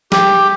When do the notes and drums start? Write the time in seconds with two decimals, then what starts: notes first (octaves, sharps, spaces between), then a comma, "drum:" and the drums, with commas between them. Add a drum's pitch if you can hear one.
0.12 G4, drum: snare